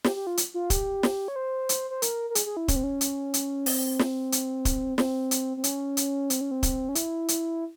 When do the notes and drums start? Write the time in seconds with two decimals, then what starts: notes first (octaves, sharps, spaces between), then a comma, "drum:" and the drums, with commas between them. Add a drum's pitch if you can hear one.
0.04 G4, drum: snare
0.16 G4
0.27 F4
0.37 drum: hi-hat
0.54 F4
0.70 G4, drum: kick, hi-hat
1.03 drum: snare
1.28 C#5
1.36 C5
1.69 drum: hi-hat
1.90 C5
2.02 A#4, drum: hi-hat
2.30 A#4
2.35 G#4, drum: hi-hat
2.46 G#4
2.57 E4
2.68 C#4, drum: kick, hi-hat
2.76 C4
2.84 C#4
3.01 drum: hi-hat
3.34 drum: hi-hat
3.66 C4, drum: open hi-hat
3.99 drum: snare
4.32 drum: hi-hat
4.65 drum: kick, hi-hat
4.98 C4, drum: snare
5.31 drum: hi-hat
5.57 C4
5.64 C#4, drum: hi-hat
5.97 drum: hi-hat
6.30 C4, drum: hi-hat
6.41 C#4
6.51 C4
6.63 drum: kick, hi-hat
6.89 C#4
6.95 E4, drum: hi-hat
7.28 drum: hi-hat